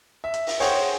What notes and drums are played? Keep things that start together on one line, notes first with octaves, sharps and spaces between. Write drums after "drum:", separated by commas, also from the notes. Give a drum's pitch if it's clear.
E5
drum: hi-hat
drum: open hi-hat
G#4 C5 C#5 F#5 G5, drum: open hi-hat